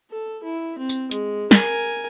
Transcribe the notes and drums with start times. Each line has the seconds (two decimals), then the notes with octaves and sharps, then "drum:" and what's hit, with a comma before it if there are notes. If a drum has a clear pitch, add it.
0.11 A4
0.43 E4
0.78 C4
0.89 drum: tambourine
1.11 G#3, drum: hi-hat
1.51 A#4 G#5, drum: snare